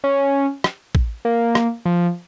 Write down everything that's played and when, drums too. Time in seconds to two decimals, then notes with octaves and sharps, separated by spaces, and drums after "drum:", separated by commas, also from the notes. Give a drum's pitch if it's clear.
0.04 C#4
0.64 drum: rim click
0.95 drum: kick
1.25 A#3
1.55 drum: rim click
1.85 F3